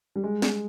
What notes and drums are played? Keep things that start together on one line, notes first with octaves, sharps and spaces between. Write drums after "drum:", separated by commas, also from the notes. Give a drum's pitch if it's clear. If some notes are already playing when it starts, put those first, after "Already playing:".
G3
G#3
drum: snare